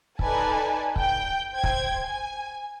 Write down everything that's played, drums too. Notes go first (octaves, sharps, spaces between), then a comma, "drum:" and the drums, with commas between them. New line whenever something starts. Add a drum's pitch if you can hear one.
D#4 A4 B4 D5 G#5 A5, drum: kick
G5 G6, drum: kick
C5 G5 G#6
drum: kick
G#5